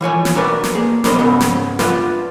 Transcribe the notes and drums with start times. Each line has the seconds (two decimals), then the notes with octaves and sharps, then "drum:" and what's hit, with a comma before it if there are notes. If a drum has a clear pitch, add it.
0.01 E3 F3 C#5 G#5
0.25 drum: snare
0.35 D4 F#4 A#4 B4 D5
0.64 drum: snare
0.75 A#3 G#4
1.04 B3 D4 A#4 C5 D#5, drum: snare
1.19 C#2 G#2 C#3 B3
1.40 drum: snare
1.79 D4 F4 B4 E5 F#5, drum: snare